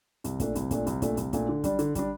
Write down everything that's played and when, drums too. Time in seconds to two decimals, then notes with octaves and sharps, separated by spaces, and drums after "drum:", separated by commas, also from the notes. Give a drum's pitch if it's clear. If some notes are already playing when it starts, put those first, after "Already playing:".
0.24 C2, drum: hi-hat
0.40 A#2 A3 D4, drum: kick, hi-hat
0.55 C2, drum: hi-hat
0.71 A#2 A3 D4, drum: kick, hi-hat
0.87 C2, drum: hi-hat
1.02 A#2 A3 D4, drum: kick, hi-hat
1.17 C2, drum: hi-hat
1.33 A#2 A3 D4, drum: kick, hi-hat
1.49 D3
1.64 G3 D4, drum: kick, hi-hat
1.79 D3, drum: hi-hat
1.95 G3 D4, drum: kick, hi-hat